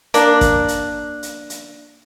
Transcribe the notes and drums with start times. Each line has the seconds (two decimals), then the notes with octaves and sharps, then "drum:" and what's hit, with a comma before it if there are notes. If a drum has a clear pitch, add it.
0.14 A#3 D4, drum: hi-hat
0.41 drum: kick, hi-hat
0.68 drum: hi-hat
1.23 drum: hi-hat
1.50 drum: hi-hat